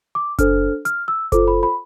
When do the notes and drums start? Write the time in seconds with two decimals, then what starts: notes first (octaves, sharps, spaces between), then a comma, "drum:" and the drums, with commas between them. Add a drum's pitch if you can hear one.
0.15 D6
0.38 D4 A4 C5 F6, drum: kick F#1, hi-hat
0.85 F6, drum: hi-hat
1.08 E6
1.32 F4 A4 C5 D6, drum: kick F#1, hi-hat
1.48 B5
1.63 B5